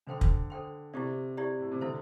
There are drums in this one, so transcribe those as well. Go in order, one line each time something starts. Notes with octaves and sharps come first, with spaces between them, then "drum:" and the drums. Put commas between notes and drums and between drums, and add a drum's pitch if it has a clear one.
D3 D4 A4 C5 G5 C6
drum: kick
D4 A4 C5 G5 C6
C3 E4 G4 D5
E4 G4 D5
A2
C3
D3 E4 A4 C5